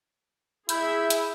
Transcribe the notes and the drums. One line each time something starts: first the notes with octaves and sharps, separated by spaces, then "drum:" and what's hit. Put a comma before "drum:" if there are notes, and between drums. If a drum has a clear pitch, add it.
E4 G#4 E5 B5 G6, drum: hi-hat
drum: hi-hat